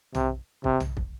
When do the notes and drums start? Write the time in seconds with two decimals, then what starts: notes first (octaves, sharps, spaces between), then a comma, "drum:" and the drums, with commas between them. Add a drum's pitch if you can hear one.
0.15 C3, drum: tom
0.64 C3, drum: kick
0.80 drum: tom
0.97 drum: kick